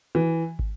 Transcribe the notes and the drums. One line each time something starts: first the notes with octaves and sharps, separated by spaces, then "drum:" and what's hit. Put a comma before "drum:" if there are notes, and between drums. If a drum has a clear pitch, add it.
E3
drum: kick